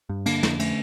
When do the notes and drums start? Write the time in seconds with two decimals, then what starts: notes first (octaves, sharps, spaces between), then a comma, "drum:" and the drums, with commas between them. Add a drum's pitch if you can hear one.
0.09 G2
0.26 D3 A#3 D4, drum: cymbal
0.43 F2, drum: snare
0.59 D3 A3 C#4, drum: cymbal